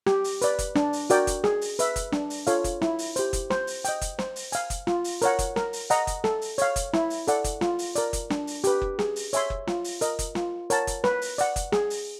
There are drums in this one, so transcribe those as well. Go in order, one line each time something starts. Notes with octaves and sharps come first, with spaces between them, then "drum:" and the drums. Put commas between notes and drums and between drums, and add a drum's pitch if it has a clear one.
G4, drum: snare
drum: open hi-hat
B4 D5, drum: hi-hat
drum: kick F#1, hi-hat
D4, drum: snare
drum: open hi-hat
F#4 A#4 D5 G5, drum: hi-hat
drum: kick F#1, hi-hat
G#4, drum: snare
drum: open hi-hat
B4 E5, drum: hi-hat
drum: kick F#1, hi-hat
D4, drum: snare
drum: open hi-hat
F4 A4 C#5 F5, drum: hi-hat
drum: kick F#1, hi-hat
E4, drum: snare
drum: open hi-hat
G4 C5, drum: hi-hat
drum: kick F#1, hi-hat
C5, drum: snare
drum: open hi-hat
D#5 G5, drum: hi-hat
drum: kick F#1, hi-hat
C5, drum: snare
drum: open hi-hat
F5 G#5, drum: hi-hat
drum: kick F#1, hi-hat
F4, drum: snare
drum: open hi-hat
A#4 C#5 F#5, drum: hi-hat
drum: kick F#1, hi-hat
A#4, drum: snare
drum: open hi-hat
D#5 F#5 A#5, drum: hi-hat
drum: kick F#1, hi-hat
A4, drum: snare
drum: open hi-hat
C#5 F5, drum: hi-hat
drum: kick F#1, hi-hat
E4, drum: snare
drum: open hi-hat
A4 D5 F#5, drum: hi-hat
drum: kick F#1, hi-hat
F4, drum: snare
drum: open hi-hat
A#4 D5, drum: hi-hat
drum: kick F#1, hi-hat
D4, drum: snare
drum: open hi-hat
G4 B4, drum: hi-hat
drum: kick F#1
G#4, drum: snare
drum: open hi-hat
C#5 E5 G#5 C6, drum: hi-hat
drum: kick F#1
F4, drum: snare
drum: open hi-hat
A#4 D#5, drum: hi-hat
drum: kick F#1, hi-hat
F4, drum: snare
A#4 C#5 F#5 A5, drum: hi-hat
drum: kick F#1, hi-hat
B4, drum: snare
drum: open hi-hat
D5 F#5, drum: hi-hat
drum: kick F#1, hi-hat
G#4, drum: snare
drum: open hi-hat